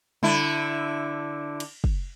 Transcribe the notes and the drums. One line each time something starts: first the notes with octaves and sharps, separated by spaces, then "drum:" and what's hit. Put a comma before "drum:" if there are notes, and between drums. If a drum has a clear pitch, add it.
D3 E4, drum: tom G3
drum: cymbal
drum: kick